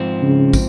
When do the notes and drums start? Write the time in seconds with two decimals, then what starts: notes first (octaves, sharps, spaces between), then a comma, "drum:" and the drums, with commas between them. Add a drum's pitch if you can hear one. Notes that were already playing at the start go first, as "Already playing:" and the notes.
Already playing: G#2 F3 C4
0.22 C#3
0.53 drum: kick, tambourine